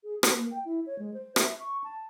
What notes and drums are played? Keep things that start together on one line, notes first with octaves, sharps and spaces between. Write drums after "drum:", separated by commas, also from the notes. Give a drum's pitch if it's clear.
G#4
B4, drum: rim click
A#3
G5
E4
C#5
G#3
C5
E5, drum: rim click
C#6
A5